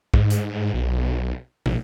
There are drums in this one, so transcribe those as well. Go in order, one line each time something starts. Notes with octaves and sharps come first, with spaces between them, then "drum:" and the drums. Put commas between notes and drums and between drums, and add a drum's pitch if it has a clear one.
G#2, drum: kick
drum: hi-hat
B1
A#1, drum: tom